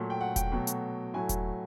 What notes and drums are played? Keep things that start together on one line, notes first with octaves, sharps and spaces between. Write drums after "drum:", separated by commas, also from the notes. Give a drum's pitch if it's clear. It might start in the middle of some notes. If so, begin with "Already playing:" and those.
Already playing: A#2 F#3 A3
G5
F#5
G5, drum: kick E1, hi-hat
B2 F#3 A3
drum: hi-hat
A2 F#3 A3 G#5
drum: kick E1, hi-hat